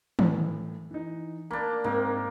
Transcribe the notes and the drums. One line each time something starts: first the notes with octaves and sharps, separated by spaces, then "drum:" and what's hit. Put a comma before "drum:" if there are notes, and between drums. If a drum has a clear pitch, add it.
A2 E3, drum: tom
E3 D#4
A#3 D4 B5
G#2 A#3 C4 A#4